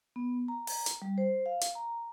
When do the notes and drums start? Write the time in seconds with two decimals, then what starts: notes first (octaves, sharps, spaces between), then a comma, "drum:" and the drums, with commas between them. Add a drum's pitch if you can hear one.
0.16 B3
0.48 A#5
0.67 drum: open hi-hat
0.86 drum: hi-hat
1.02 G3
1.18 C5
1.46 F5
1.61 drum: hi-hat
1.75 A#5